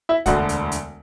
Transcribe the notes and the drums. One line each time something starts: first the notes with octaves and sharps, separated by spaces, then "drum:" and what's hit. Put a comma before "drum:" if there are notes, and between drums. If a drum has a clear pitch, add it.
E4 E5
E1 D2 D3 F#4 F#5, drum: kick, hi-hat
drum: hi-hat
drum: hi-hat